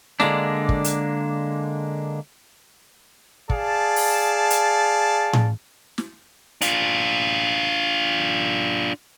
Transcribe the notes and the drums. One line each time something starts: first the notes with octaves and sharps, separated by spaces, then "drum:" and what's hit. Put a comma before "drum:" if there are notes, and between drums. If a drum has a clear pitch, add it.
D3 G#3 A#3 D4, drum: snare
drum: kick
drum: hi-hat
G#4 D5 F5 A5, drum: kick
drum: open hi-hat
drum: hi-hat
drum: tom A2
drum: snare
D4 F4, drum: hi-hat